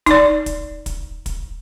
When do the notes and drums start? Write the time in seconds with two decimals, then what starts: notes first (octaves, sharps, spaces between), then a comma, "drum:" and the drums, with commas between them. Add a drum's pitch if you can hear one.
0.06 D#4 D5, drum: kick, hi-hat
0.46 drum: kick, hi-hat
0.86 drum: kick, hi-hat
1.26 drum: kick, hi-hat